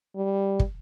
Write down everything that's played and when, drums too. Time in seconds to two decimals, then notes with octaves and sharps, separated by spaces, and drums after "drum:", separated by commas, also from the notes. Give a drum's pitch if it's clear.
0.16 G3
0.59 drum: kick